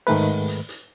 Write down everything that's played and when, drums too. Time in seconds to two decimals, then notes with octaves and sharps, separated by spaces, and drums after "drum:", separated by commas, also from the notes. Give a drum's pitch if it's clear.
0.07 G#2 D#3 A3 B4, drum: open hi-hat
0.48 drum: hi-hat
0.69 drum: hi-hat